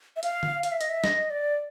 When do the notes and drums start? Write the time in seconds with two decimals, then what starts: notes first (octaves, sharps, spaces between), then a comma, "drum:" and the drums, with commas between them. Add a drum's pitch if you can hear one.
0.16 E5
0.23 F5, drum: hi-hat
0.43 drum: tom D3
0.63 F5, drum: hi-hat
0.72 E5
0.81 D#5, drum: hi-hat
0.90 E5
1.04 D#5, drum: snare
1.30 D5